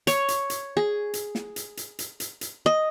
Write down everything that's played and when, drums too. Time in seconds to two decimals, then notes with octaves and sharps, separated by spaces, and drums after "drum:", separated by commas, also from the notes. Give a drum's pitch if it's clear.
0.07 C#5, drum: hi-hat
0.28 drum: hi-hat
0.50 drum: hi-hat
0.77 G#4
1.14 drum: hi-hat
1.35 drum: snare
1.56 drum: hi-hat
1.77 drum: hi-hat
1.99 drum: hi-hat
2.20 drum: hi-hat
2.41 drum: hi-hat
2.66 D#5